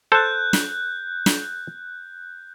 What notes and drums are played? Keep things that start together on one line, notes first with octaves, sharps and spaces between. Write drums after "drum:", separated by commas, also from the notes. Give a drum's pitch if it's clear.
A4 C5 A5 F#6 G6
drum: snare
drum: snare